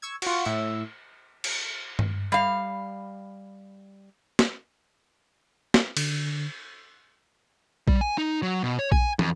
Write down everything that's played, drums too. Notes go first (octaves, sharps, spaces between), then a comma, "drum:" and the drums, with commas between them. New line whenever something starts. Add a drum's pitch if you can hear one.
C#6 E6 G#6
F4 F#4, drum: cymbal
A2 E5 E6
drum: cymbal
drum: tom G2
G3 F5
drum: snare
drum: snare
D3, drum: cymbal
G3, drum: kick A#1
G#5
D#4
F#3
B2
C#5
G#5, drum: kick A#1
F2, drum: tom